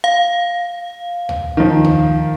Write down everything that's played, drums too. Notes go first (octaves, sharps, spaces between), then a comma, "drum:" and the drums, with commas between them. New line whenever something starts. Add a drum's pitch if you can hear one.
F5
drum: tom
D#3 F3
drum: tom